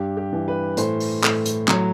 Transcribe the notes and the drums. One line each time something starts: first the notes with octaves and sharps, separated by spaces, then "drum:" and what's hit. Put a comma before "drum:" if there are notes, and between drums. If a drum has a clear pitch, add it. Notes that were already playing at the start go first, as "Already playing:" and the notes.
Already playing: G2 G4
G4
E3
B4
A2 C5, drum: hi-hat
drum: open hi-hat
A2, drum: clap
drum: hi-hat
F#3, drum: clap